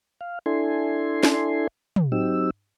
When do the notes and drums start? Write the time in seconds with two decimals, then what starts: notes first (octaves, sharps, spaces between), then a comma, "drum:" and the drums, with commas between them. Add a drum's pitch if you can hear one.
0.21 F5
0.46 D4 E4 A4 G#5 C6
1.23 drum: snare
1.96 drum: tom
2.12 F#3 C4 D#4 G4 E6